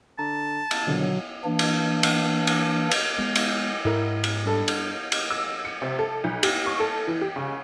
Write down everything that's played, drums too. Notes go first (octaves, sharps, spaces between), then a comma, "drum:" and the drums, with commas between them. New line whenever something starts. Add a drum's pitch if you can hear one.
D3 A5 A#5
drum: cymbal
A#1 B2 D3 D#3 F#3
E3 A#3 D4
drum: cymbal
drum: cymbal
drum: cymbal
drum: cymbal
G#3 B3
drum: cymbal
G#2 E4 A#4
drum: cymbal
G2 A4
drum: cymbal
drum: cymbal
E6
C#7
C3
A4
B1
G4, drum: cymbal
C#6
A4
E3
G4
C#3